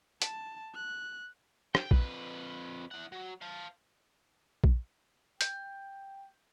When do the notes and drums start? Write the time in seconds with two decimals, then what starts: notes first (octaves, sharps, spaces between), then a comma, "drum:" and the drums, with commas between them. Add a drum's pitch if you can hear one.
0.22 A5, drum: hi-hat
0.75 F#6
1.75 G5, drum: rim click
1.91 F2 B4, drum: kick A#1
2.91 E3 F#5
3.12 F#3
3.42 F5 A5
4.64 drum: kick A#1
5.41 G5 G6, drum: hi-hat